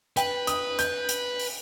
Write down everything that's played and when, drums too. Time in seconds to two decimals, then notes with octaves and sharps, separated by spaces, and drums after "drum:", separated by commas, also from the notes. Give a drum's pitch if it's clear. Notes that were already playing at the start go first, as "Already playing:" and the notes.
0.17 B4 G5, drum: hi-hat
0.47 D#6, drum: hi-hat
0.79 G6, drum: hi-hat
1.09 drum: hi-hat
1.39 drum: open hi-hat